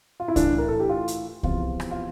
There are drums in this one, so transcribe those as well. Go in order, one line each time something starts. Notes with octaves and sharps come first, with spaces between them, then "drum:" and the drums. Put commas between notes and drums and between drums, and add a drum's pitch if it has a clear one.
F4
E4
A2 E3 D4, drum: kick C2, hi-hat
A#4
A4
G4
F4
drum: hi-hat
E2 C3 F3 F4, drum: kick C2
drum: rim click
F4